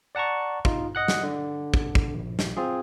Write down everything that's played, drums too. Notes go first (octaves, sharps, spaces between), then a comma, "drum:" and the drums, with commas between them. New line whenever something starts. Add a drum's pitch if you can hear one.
D5 F#5 A5 A#5 C#6
D#4 F4, drum: kick
D#5 F#5 F#6
drum: snare
D3
drum: kick
drum: kick
A#1
drum: snare
C4 F4 G#4